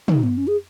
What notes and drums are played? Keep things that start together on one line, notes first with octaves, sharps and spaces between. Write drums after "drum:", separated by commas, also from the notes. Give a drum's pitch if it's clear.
D#4, drum: tom
B3
C#4
G#4